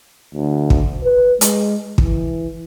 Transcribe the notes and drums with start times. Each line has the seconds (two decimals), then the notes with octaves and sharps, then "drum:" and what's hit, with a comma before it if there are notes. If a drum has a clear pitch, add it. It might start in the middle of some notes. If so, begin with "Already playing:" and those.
0.35 D2
0.70 drum: kick
1.04 B4
1.41 G#3, drum: hi-hat
1.98 E3, drum: kick